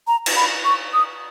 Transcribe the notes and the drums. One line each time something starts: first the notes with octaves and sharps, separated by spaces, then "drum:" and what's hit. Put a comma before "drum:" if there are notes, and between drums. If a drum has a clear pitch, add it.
A#5
drum: cymbal
B5
C#6
D#6